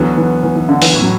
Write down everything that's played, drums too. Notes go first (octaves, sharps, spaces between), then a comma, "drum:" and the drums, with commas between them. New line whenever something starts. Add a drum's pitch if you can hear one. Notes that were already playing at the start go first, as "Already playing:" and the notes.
Already playing: D2 D3 E3 F#3 B3
E3
E3
E3
D3
E3, drum: open hi-hat
A2 E3
F#3